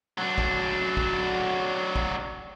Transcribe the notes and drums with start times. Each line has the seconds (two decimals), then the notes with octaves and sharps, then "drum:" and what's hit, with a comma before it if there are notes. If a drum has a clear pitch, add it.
0.18 F#3 D4
0.38 drum: kick
0.97 drum: kick
1.96 drum: kick